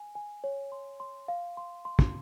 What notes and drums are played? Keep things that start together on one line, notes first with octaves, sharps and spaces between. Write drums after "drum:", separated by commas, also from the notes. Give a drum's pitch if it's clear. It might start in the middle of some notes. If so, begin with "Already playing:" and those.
Already playing: G#5
G#5
C#5
C6
C6
F5
C6
C6
drum: kick